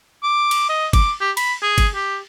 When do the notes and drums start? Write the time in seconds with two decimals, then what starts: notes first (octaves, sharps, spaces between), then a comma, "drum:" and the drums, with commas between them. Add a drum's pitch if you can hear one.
0.23 D6
0.51 drum: cymbal
0.69 D#5
0.93 D6, drum: kick, cymbal
1.21 G4
1.37 B5, drum: cymbal
1.63 G#4
1.78 drum: kick, cymbal
1.95 G4